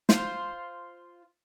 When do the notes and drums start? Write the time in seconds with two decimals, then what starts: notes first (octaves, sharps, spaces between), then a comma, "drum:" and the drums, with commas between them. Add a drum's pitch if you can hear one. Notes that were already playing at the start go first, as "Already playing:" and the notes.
0.09 F4 C5, drum: snare